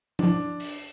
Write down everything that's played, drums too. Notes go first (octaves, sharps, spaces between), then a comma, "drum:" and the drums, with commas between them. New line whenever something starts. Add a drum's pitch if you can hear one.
D4, drum: tom F3
drum: open hi-hat